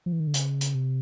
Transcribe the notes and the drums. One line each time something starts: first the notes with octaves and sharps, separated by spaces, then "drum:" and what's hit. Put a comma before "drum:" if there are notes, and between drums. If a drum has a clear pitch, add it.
F3
E3
D#3
D3
C#3, drum: hi-hat
drum: hi-hat
C3